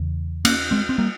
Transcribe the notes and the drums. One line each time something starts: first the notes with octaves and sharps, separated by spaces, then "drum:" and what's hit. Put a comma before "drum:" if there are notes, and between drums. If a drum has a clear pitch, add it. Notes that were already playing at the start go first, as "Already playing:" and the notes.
Already playing: E2 C#3
A#3 C#4, drum: cymbal
G#3 C4
C4
G3 A#3